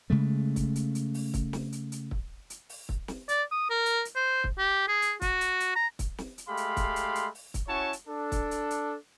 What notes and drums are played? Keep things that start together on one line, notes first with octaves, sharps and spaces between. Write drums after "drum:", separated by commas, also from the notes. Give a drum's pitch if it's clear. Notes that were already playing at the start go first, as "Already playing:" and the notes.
C#3 G#3 A3
drum: kick, hi-hat
drum: hi-hat
drum: hi-hat
drum: open hi-hat
drum: kick, hi-hat
drum: snare
drum: hi-hat
drum: hi-hat
drum: kick
drum: hi-hat
drum: open hi-hat
drum: kick
drum: snare
D5, drum: hi-hat
D#6
A#4
drum: hi-hat
drum: hi-hat
C5
drum: kick
G4
G#4
drum: hi-hat
F#4, drum: kick, hi-hat
drum: hi-hat
drum: hi-hat
A#5
drum: kick, hi-hat
drum: snare
drum: hi-hat
G#3 A3 G4 F5 B5 C6
drum: hi-hat
drum: kick, hi-hat
drum: hi-hat
drum: hi-hat
drum: open hi-hat
drum: kick, hi-hat
C#4 E4 F#4 C#5 A5 C#6
drum: hi-hat
D4 A4
drum: kick, hi-hat
drum: hi-hat
drum: hi-hat